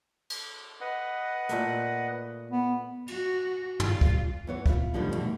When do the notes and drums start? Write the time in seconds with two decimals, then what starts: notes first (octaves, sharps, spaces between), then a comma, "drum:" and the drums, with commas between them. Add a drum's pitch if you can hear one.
0.30 drum: cymbal
0.81 B4 D#5 F#5
1.49 A#2 A3 A#3, drum: hi-hat
2.51 B3
3.08 F#4, drum: cymbal
3.80 G3 F4, drum: tom
4.01 drum: kick
4.47 E3 B3 C#5
4.66 E4 F4, drum: kick
4.94 A2 D3 D#3 F3 G3 B3
5.12 B2 E3 A3